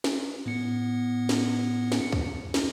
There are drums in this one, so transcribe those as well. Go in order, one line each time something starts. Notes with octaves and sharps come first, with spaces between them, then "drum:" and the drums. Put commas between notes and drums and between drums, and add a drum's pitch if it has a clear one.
drum: snare
A2 B3 C#7
drum: snare
drum: snare
drum: kick
drum: snare